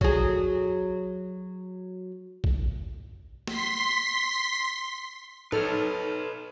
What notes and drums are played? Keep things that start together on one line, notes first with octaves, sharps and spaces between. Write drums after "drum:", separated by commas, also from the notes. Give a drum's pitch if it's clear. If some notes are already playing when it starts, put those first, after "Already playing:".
F#3 G#4, drum: kick
drum: kick
C6 B6, drum: snare
D#4 A4 B4 C#5 F6, drum: tom